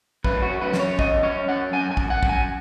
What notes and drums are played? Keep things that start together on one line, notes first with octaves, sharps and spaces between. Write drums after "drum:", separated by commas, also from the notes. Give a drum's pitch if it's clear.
F#2 B4, drum: kick
F#4
C#4
B4
F#2, drum: snare
C#5
F#2 D#5, drum: kick
C#4 C#5
F#2 F#5
F#2 G#5
G#5
F#2, drum: kick
F#5
F#2, drum: kick
G#5